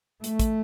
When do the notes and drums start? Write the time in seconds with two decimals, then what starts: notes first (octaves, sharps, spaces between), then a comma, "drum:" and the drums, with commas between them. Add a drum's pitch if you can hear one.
0.24 A3, drum: hi-hat
0.39 drum: kick, hi-hat